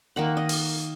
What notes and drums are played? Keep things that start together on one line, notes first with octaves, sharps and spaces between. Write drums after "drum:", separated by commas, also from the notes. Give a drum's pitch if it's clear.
D#3 A#3 F#5
D#5
drum: open hi-hat